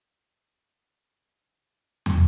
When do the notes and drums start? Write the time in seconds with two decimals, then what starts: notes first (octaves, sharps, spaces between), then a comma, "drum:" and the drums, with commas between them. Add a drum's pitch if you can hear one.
0.08 C3 D#3 G#3 D#4 F4
1.25 G#2 F3 A3
2.06 drum: tom